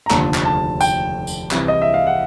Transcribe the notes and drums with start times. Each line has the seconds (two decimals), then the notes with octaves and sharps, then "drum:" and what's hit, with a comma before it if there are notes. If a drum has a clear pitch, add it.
0.06 A#5
0.10 F1 D#2 D3 F3 A5, drum: clap
0.34 drum: clap
0.45 A5
0.81 G5, drum: tambourine
1.27 drum: tambourine
1.51 C2 C3 E3, drum: clap
1.68 D#5
1.82 E5
1.94 F5
2.07 F#5